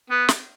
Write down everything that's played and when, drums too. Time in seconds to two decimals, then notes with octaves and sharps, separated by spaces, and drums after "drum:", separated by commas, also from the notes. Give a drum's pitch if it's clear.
0.10 B3
0.29 drum: snare